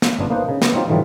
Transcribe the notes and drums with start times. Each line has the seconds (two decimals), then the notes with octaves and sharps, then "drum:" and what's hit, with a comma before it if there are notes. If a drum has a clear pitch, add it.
0.02 drum: snare
0.19 G1 C#3 B3 D4 F4
0.30 A#3 B3 D4 D#4 C5 F#5
0.49 C#3
0.62 B3, drum: snare
0.73 F#3 C4 D#4 F4 G4
0.88 G#2 D3 E3 F#3 G3 F4